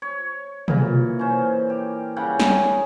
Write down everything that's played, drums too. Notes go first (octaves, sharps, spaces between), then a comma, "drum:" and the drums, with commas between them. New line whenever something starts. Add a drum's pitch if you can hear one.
C#5
A#2 E3, drum: tom
C#4 C5
G4
C#3 G3 F#5 G5
G#4, drum: snare